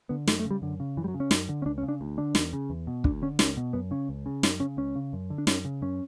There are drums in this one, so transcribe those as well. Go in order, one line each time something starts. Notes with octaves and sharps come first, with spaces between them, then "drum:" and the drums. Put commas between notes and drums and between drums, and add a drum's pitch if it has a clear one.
D3 B3
F#2 A3, drum: snare
A3
C#3
G3
F#2 D3
C#3
F#2 E3
G3
F#3
C#3
C#4
F#2, drum: snare
D3
C#4
C#2 D4
C#4
C#3
D4
D2
D3 D4
E2, drum: snare
C#3
E2
B2
D2 D4, drum: kick
D3 C#4
C#2 C#4, drum: snare
B2
F#2 B3
C#3 C#4
C#2
C#3
F#2 C#4, drum: snare
C#3 C#4
C#2 C#4
C#3
F#2
D3
D4
F#2 C#4, drum: snare
C#3
F#2 C#4